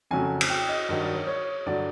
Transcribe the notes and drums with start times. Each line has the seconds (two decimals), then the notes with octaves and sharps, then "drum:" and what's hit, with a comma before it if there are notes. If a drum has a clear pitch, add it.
0.11 F2 C#3 F#3 A3 G#5
0.41 drum: cymbal
0.50 G5
0.69 D#5
0.89 G2 D#3 F#3 D#5
1.02 D5
1.14 C#5
1.27 C#5
1.66 G2 D3 F#3 D5